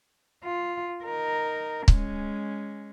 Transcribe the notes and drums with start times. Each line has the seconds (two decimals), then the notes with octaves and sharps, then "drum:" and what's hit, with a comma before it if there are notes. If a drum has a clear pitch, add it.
0.44 F4
1.04 D#4 A#4
1.88 G#3 C#4, drum: kick